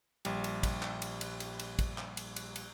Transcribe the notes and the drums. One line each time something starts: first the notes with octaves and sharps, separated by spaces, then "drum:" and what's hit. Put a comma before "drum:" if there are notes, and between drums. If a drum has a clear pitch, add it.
A#1 G3, drum: cymbal
drum: cymbal
drum: kick, cymbal
drum: clap
drum: cymbal
drum: cymbal
drum: cymbal
drum: cymbal
drum: kick, cymbal
drum: clap
drum: cymbal
drum: cymbal
drum: cymbal